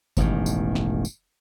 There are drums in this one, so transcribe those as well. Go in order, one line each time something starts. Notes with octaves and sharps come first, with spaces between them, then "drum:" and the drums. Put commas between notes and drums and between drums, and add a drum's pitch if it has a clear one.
E1 A1 G2 D#3, drum: kick G1, tambourine
drum: tambourine
drum: snare
drum: tambourine